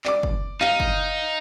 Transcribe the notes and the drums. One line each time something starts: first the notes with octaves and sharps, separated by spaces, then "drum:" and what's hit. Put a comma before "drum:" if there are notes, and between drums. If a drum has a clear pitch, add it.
D5 D6, drum: clap
drum: kick
D#4 F5 D#7, drum: clap
drum: kick